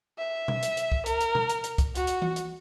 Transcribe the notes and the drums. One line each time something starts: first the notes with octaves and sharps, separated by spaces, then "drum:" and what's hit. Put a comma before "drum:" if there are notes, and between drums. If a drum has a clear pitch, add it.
E5
drum: tom B2
drum: hi-hat
drum: hi-hat
drum: kick C2
A#4, drum: hi-hat
drum: hi-hat
drum: tom B2
drum: hi-hat
drum: hi-hat
drum: kick C2, hi-hat
F#4, drum: hi-hat
drum: hi-hat
drum: tom E3
drum: hi-hat